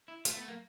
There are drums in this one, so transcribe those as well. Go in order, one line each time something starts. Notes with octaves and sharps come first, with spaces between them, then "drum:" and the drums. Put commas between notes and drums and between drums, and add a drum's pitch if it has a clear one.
E4
A3 F4, drum: hi-hat
B3
A#3